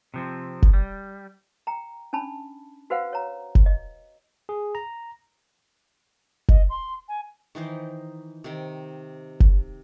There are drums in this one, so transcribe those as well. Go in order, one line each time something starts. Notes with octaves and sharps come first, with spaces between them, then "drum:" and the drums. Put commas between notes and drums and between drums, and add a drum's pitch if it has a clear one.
C3 F3 C4
drum: kick F#1
G3
G5 A#5
C#4 D4 A5 B5
F#4 B4 C5 F5 F#5
C#5 A#5
drum: kick F#1
D#5
G#4
A#5
D#5, drum: kick F#1
C6
G#5
D#3 E3 D#4 C5
C3 D#3
drum: kick F#1